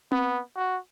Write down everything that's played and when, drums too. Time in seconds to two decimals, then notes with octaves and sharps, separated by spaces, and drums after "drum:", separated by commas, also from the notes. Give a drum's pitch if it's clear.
0.12 B3, drum: tom C4
0.56 F#4